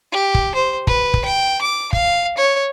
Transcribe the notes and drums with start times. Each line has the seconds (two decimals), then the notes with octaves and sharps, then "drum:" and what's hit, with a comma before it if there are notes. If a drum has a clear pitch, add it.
0.12 G4
0.35 drum: kick
0.55 C5
0.87 B4, drum: kick
1.14 drum: kick
1.25 G5
1.62 D6
1.93 F5, drum: kick
2.37 C#5